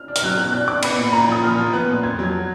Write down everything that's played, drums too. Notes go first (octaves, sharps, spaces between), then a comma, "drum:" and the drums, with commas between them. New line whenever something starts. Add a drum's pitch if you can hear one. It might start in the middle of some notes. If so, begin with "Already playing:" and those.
Already playing: F6
D4
F6, drum: hi-hat
F#3 F#6
B2 F#6
D4 F#6
D4 D6
B3 B5, drum: cymbal
A#2
A#2 A#5
F3 D#6
A#2 F6
F3
B3 F#6
A#2
F2 G#6
F#3 G#6